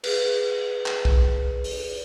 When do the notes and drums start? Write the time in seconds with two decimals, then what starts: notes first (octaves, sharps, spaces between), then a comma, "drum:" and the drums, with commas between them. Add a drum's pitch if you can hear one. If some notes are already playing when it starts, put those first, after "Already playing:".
0.04 G#4 B4, drum: cymbal
0.86 drum: clap
1.05 drum: kick B1
1.64 drum: open hi-hat